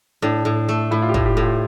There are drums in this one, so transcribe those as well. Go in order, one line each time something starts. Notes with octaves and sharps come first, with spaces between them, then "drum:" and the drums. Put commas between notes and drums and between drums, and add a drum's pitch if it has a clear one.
A2 D4
A2
A3
A2 E4
F4
G4
A2, drum: kick
G4
A2
F4